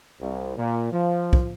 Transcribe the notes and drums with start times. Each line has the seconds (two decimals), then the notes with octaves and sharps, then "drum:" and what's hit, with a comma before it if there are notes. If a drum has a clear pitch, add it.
0.20 C2
0.56 A#2
0.91 F3
1.33 drum: kick